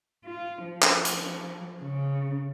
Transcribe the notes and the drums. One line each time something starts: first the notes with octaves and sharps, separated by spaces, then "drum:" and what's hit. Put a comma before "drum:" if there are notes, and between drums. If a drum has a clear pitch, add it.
F4
F3
drum: clap
drum: hi-hat
C#3